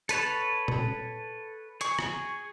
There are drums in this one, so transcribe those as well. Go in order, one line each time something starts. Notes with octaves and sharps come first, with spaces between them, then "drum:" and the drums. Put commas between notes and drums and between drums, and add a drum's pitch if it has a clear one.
A4 B4 C#5 A5, drum: hi-hat
drum: tom A#2
G#4 C#6, drum: hi-hat
drum: rim click